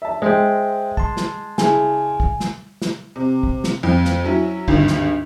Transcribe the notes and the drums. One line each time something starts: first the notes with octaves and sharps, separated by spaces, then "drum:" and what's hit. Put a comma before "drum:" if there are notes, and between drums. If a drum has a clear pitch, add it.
E5 A5
G#3 C5 E5 G5
A5 C6, drum: kick
drum: snare
C#3 E4 G#5, drum: snare
drum: kick
drum: snare
drum: snare
C3
drum: kick
drum: snare
F2
drum: snare
F#3 C#4 E4
G#1 D2 G2, drum: kick
drum: snare